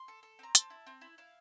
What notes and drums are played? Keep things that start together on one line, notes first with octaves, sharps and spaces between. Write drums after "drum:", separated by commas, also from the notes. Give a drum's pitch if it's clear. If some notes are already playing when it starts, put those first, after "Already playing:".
Already playing: C6
A4
A4
C4 A#5
C4 A5, drum: hi-hat
E4
C4
E4
E4 F5